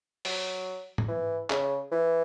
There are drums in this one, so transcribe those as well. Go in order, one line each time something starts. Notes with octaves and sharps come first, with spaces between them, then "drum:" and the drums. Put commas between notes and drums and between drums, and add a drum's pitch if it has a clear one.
F#3, drum: open hi-hat
drum: tom G#2
E3
C#3, drum: clap
E3